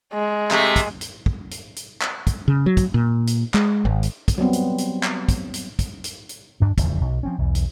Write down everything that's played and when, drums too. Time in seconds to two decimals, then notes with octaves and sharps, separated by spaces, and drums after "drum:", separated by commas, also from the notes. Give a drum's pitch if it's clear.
0.13 G#3
0.51 C3 A3, drum: clap
0.76 drum: kick, hi-hat
1.01 drum: hi-hat
1.26 drum: kick
1.51 drum: hi-hat
1.76 drum: hi-hat
2.02 drum: clap
2.27 drum: kick, hi-hat
2.48 C#3
2.66 F#3
2.77 drum: kick, hi-hat
2.94 A#2
3.27 drum: hi-hat
3.54 G#3, drum: clap
3.85 G#1
4.03 drum: hi-hat
4.28 drum: kick, hi-hat
4.38 F#3 G3 B3 C4
4.53 drum: hi-hat
4.78 drum: hi-hat
5.03 drum: clap
5.29 drum: kick, hi-hat
5.54 drum: hi-hat
5.79 drum: kick, hi-hat
6.04 drum: hi-hat
6.29 drum: hi-hat
6.60 D2 G2 D4
6.78 D1 E2 C#3 F3, drum: kick, hi-hat
7.01 B1
7.23 F3 C4 C#4
7.38 B1 E2
7.55 drum: hi-hat